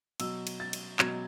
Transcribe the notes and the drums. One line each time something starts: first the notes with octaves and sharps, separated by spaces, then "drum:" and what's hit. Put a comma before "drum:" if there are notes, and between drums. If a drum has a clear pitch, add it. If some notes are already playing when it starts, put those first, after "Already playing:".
B2 F#3 E6, drum: cymbal
drum: cymbal
A6
drum: cymbal
B2 F#3 G#6, drum: clap